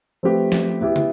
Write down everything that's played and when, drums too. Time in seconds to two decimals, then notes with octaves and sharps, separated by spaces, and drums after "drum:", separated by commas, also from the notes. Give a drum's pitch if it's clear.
0.23 F3 A3 C4 G4 B4
0.52 drum: snare
0.81 B2 B3 E4 G4
0.96 drum: tom